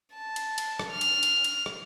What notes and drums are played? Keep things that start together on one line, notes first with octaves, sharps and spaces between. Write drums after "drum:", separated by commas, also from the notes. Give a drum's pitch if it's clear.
A5
drum: cymbal
drum: cymbal
drum: rim click
F6
drum: cymbal
drum: cymbal
drum: cymbal
drum: rim click